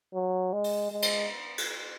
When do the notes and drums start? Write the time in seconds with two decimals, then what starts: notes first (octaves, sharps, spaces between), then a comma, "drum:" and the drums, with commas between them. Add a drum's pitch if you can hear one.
0.14 F#3
0.53 G#3
0.64 drum: open hi-hat
0.92 G#3
1.02 drum: cymbal
1.58 drum: cymbal